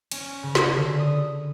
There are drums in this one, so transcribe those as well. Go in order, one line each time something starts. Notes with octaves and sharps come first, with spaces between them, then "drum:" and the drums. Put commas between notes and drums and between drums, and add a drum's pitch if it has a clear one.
C#4, drum: cymbal
C#3
drum: snare
D3
D#6